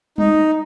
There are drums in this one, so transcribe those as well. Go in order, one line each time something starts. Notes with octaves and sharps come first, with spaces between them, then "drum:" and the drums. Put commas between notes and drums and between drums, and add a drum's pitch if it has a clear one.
D#4, drum: tom G3